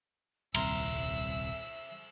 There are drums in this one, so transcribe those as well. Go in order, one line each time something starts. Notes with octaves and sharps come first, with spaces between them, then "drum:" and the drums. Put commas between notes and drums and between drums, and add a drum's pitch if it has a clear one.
D#1 C2 C4 E5 A#5 C6 E6, drum: cymbal